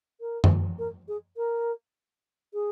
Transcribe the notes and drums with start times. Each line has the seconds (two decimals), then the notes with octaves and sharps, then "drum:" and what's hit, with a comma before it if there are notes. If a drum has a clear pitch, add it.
0.21 A#4
0.44 drum: tom F#2
0.79 A#4
1.08 G#4
1.37 A#4
2.54 G#4